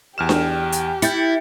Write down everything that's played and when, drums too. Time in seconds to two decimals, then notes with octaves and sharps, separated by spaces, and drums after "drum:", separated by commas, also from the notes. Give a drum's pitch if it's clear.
0.18 E2 G4 F6 E7
0.29 drum: snare D4
0.72 drum: hi-hat
1.02 E4 G6 A6 C#7, drum: hi-hat